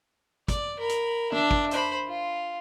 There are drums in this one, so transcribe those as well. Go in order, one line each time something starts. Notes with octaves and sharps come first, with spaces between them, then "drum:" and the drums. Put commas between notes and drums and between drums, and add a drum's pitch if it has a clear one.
D5, drum: kick, hi-hat
A#4 B5
drum: hi-hat
D4 E5, drum: tom
drum: kick
C5 B5, drum: hi-hat
F4